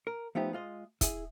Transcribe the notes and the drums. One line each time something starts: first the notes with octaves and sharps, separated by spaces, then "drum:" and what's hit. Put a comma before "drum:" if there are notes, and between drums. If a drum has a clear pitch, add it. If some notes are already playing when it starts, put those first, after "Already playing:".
A#4
F3 A3 B3 D#4 G4
G#3 F4 D#5
E4 G#4, drum: kick, hi-hat